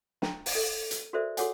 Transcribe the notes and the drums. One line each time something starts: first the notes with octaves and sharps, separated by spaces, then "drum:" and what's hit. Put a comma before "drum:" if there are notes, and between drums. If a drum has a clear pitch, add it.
G5 A5 A#5, drum: snare
drum: open hi-hat
A4
drum: hi-hat
F#4 A4 A#4 C5 D5 E5
F#4 G#4 A4 C#5 F#5 G#5, drum: hi-hat